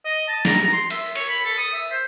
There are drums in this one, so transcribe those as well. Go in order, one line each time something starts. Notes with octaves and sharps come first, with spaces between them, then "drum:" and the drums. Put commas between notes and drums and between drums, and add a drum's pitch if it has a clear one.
D#5
A5
A#5, drum: snare
A#5
C6
E5, drum: cymbal
C#5, drum: cymbal
B5
A4
D#6
E5
C5